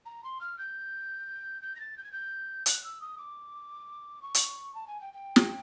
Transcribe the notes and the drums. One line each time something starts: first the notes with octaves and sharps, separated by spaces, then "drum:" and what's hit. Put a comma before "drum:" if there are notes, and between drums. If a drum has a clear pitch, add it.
A#5
C6
F6
G6
G6
A#6
A6
G6
G#6
G6
F#6, drum: hi-hat
E6
D#6
D6
C#6
drum: hi-hat
A5
G#5
G5
G5
drum: snare